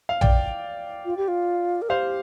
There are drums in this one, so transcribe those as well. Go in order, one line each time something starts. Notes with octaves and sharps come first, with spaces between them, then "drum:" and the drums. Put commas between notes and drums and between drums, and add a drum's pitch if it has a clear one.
F5
D5 G5, drum: tom A#1
F4
G4
F4
A#4
G4 C5 F5